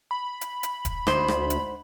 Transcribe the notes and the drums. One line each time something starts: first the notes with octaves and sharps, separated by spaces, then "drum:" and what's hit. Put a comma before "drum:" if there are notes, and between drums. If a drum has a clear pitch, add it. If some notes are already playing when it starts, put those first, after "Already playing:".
B5
drum: hi-hat
drum: hi-hat
drum: kick D#1, hi-hat
D2 G#2 C5, drum: rim click
drum: rim click
drum: hi-hat